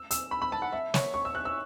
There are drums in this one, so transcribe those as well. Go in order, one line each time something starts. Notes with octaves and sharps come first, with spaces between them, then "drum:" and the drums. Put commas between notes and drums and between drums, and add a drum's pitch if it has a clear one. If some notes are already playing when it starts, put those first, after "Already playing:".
Already playing: E6
E6, drum: hi-hat
B5
B5
A5
F#5
E5
C#5, drum: snare
C#6
E6
F#6
E6